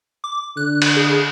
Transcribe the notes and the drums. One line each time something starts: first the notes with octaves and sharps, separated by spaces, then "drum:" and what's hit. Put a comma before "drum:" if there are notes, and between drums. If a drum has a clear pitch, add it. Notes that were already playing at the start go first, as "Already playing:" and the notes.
D6
D3 F#6
drum: cymbal
G#4